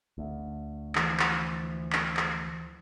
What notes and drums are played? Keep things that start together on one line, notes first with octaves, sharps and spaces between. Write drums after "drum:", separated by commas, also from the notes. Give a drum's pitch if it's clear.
D2
E3 F3, drum: clap
drum: clap
drum: clap
drum: clap